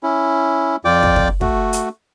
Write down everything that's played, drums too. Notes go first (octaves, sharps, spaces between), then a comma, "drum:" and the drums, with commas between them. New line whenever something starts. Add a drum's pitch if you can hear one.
C#4 E4
F2 F4 D5 G5 D6
drum: kick
drum: kick
A3 F#4, drum: kick
drum: hi-hat